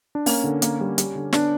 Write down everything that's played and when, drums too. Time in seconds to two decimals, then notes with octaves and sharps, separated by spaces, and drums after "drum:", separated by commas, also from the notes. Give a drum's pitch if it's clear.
0.15 D4
0.26 A#3 C#4, drum: open hi-hat
0.44 D3
0.62 A#3, drum: hi-hat
0.80 G3
0.98 G3, drum: hi-hat
1.15 D3
1.33 B3 D4, drum: snare